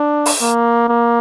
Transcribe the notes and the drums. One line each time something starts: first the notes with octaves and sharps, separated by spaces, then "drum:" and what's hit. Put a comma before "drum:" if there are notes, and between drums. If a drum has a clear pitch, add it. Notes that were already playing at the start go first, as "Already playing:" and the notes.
Already playing: D4
drum: open hi-hat
A#3
A#3